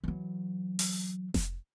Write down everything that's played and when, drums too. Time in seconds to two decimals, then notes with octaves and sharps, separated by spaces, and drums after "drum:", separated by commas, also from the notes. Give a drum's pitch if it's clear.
0.04 E3 F#3
0.79 drum: open hi-hat
1.34 drum: snare F1